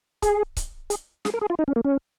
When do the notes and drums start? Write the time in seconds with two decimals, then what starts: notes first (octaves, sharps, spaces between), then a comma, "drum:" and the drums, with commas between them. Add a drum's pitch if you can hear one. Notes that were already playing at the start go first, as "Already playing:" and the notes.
0.22 G#4, drum: kick C#1, hi-hat
0.57 drum: kick C#1, hi-hat
0.90 G#4, drum: hi-hat
1.25 G#4, drum: snare
1.34 A#4
1.41 G#4
1.50 F4
1.59 D#4
1.68 C#4
1.76 A#3
1.85 C#4